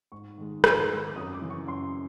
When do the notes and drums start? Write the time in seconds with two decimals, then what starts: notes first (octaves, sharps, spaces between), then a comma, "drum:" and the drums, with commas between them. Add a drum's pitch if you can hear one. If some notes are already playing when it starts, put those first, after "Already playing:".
0.12 G#2 C#6
0.38 D#3 G#3
0.64 G#2 E6, drum: rim click
0.90 D#3 G#3
1.07 D6
1.16 F#2 D#6
1.34 D6
1.42 C#3 E3
1.50 C#6
1.67 F#2 C6